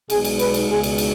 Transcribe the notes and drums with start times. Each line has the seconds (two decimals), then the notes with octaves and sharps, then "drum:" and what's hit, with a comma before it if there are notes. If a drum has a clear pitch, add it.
0.10 B1 B2 G#3 G#4, drum: cymbal
0.25 drum: cymbal
0.39 B4, drum: cymbal
0.54 drum: cymbal
0.68 C#2 B2 G#3 G#4
0.83 drum: cymbal
0.98 drum: cymbal